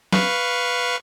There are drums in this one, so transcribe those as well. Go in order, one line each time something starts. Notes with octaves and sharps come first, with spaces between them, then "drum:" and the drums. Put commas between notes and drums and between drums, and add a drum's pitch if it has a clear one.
B4 F5 C#6, drum: snare